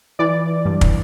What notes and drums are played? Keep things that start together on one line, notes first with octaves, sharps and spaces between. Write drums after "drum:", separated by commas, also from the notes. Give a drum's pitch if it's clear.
E3 D5
G2
drum: kick